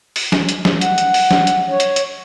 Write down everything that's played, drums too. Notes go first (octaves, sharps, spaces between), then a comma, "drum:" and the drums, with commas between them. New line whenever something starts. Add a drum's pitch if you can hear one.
drum: open hi-hat
drum: snare
drum: hi-hat
drum: snare
F#5, drum: hi-hat
drum: hi-hat
drum: open hi-hat
drum: snare
drum: hi-hat
C#5
drum: hi-hat
drum: hi-hat